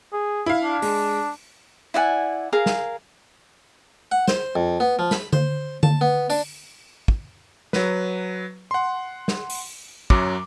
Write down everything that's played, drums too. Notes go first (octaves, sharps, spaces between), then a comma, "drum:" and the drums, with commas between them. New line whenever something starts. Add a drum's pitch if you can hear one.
G#4
E4 F5
D4
G#3, drum: open hi-hat
E4 D5 F#5 G#5
G#4 A#4 F5
drum: snare
F#5
C5, drum: snare
F2
B3
F3
B5, drum: snare
C5, drum: tom D3
A5, drum: tom D3
B3
D4, drum: open hi-hat
drum: kick
F#3 B4, drum: snare
F#5 C6
drum: snare
drum: open hi-hat
F#2 F#3 D6, drum: kick